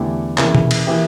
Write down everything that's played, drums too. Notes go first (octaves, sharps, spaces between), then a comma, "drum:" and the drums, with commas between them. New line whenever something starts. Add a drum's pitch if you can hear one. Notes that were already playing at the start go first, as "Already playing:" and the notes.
Already playing: E2 D3 A3 E4 G4
C#3 E3 A#3 E4 A#4, drum: clap
drum: tom B2
drum: cymbal
E3 A#3 E4 G4